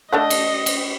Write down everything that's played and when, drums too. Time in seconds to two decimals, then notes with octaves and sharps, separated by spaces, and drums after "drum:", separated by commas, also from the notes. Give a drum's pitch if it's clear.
0.12 A3 D4 D#5 F#5
0.30 drum: cymbal
0.66 drum: cymbal